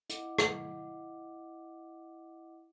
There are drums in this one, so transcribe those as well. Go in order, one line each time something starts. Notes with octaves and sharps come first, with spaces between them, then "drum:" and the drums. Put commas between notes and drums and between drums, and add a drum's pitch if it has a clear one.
E4 D#5 F5 F#5 D6, drum: hi-hat
drum: rim click